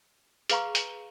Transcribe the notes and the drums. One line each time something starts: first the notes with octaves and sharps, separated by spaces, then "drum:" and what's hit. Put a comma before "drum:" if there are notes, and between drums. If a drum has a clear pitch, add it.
G#4 B4 F5 A#5 C#6, drum: hi-hat
drum: hi-hat